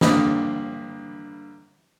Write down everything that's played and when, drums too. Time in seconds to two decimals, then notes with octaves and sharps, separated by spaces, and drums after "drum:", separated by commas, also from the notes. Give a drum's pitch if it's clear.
0.01 G2 D3 A#3 B5 D#6, drum: snare